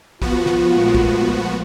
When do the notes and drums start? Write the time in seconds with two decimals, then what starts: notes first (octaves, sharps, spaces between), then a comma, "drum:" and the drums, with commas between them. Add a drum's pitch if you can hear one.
0.22 F3 B3 F4 F#4, drum: kick
0.46 drum: snare
0.71 A#2 G#3 A3
0.95 drum: kick